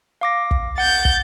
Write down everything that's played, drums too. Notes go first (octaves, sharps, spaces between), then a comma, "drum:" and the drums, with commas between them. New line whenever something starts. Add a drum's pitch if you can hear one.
F5 D6 A#6
drum: kick
F#5 G6 A6
drum: kick